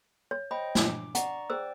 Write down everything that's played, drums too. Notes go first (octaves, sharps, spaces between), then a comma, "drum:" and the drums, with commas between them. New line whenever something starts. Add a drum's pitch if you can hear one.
C#5
C5 D#5 G5 B5
D4 D6, drum: snare
D5 F#5 A#5 C#6, drum: hi-hat
G#4 C5 D5 G5 E6